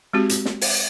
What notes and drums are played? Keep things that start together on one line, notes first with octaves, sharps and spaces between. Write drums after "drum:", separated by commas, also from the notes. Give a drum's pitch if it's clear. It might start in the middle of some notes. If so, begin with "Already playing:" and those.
G#3 C4 F#4 G4
drum: hi-hat
drum: snare
drum: open hi-hat